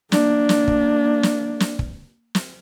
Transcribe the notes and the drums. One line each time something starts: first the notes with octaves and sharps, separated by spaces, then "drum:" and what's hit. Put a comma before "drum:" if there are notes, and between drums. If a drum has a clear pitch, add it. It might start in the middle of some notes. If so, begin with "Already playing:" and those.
A#3 D4, drum: snare
drum: snare
drum: kick
drum: snare
drum: snare
drum: kick
drum: snare